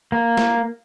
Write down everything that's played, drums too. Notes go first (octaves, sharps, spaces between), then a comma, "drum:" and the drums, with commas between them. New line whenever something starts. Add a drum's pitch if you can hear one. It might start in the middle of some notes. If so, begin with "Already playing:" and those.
A#3
drum: snare